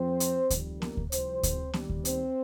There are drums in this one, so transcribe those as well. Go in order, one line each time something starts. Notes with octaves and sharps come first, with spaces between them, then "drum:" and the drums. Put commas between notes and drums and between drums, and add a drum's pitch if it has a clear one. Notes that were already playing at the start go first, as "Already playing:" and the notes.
Already playing: F2 F3 C4 C5
drum: hi-hat
F2 D#3 G3, drum: kick D2, hi-hat
A#3 A#4, drum: snare B3
drum: kick D2
C2 C3 F3 C4 C5, drum: hi-hat
drum: kick D2, hi-hat
D#2 D#3 G3, drum: snare B3
drum: kick D2
C4 C5, drum: hi-hat